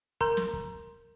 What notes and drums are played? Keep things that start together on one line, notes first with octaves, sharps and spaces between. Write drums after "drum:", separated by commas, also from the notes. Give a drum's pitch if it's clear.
A#4 A#5 C6 G6, drum: kick
drum: snare
drum: kick